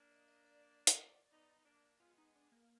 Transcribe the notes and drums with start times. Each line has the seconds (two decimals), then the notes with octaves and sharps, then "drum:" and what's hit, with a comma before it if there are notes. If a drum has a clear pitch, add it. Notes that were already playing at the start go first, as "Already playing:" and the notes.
Already playing: A#3 D4
0.11 D#5
0.28 D#5
0.44 D5
0.87 drum: hi-hat
1.31 B3 D#4
1.65 A#3 D4
2.00 G#3 B3 F4
2.18 D#4
2.36 D4
2.52 A#3